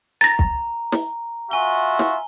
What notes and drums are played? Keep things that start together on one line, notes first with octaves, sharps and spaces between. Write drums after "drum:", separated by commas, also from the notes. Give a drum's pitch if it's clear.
A#5 A6 A#6
drum: kick
drum: snare
F4 F#4 E5 G#5 G7
drum: snare